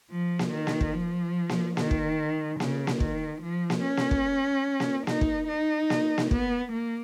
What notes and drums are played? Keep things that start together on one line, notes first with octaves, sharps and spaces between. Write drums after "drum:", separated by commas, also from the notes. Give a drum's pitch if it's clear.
F3
drum: snare A#3
D#3
drum: snare A#3
drum: kick
F3
drum: snare A#3
D#3, drum: snare A#3
drum: kick
C#3, drum: snare A#3
drum: snare A#3
D#3, drum: kick
F3
drum: snare A#3
C#4
drum: snare A#3
drum: kick
drum: snare A#3
D#4, drum: snare A#3
drum: kick
D#4
drum: snare A#3
drum: snare A#3
B3, drum: kick
A#3